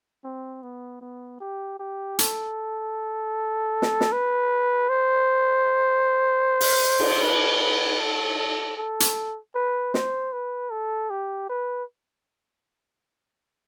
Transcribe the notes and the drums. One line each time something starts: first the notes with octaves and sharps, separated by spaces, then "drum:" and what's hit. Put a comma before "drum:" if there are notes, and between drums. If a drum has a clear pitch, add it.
C4
B3
B3
G4
G4
A4, drum: hi-hat
drum: snare
drum: snare
B4
C5
drum: open hi-hat
drum: cymbal
B4
B4
A4
A4
A4
drum: hi-hat
B4
C5, drum: snare
B4
A4
G4
B4